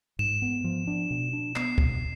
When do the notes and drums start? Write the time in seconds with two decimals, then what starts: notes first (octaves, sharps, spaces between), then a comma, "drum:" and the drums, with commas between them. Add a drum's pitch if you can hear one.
0.19 G#2 E7
0.42 B3
0.64 F3
0.87 D4
1.10 B2
1.33 D4
1.56 B3 C7, drum: clap
1.78 B2, drum: kick